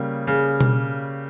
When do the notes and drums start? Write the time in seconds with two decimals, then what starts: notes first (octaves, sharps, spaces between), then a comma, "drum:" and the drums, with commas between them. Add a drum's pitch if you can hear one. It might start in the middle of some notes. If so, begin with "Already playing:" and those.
Already playing: C#3 G3 A#3
0.27 C#3
0.61 drum: tom B2